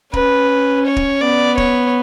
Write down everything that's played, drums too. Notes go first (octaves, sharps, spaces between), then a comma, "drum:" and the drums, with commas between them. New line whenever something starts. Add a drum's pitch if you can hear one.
C#4 B4, drum: kick
C#5
drum: kick
B3 D5
C#5, drum: kick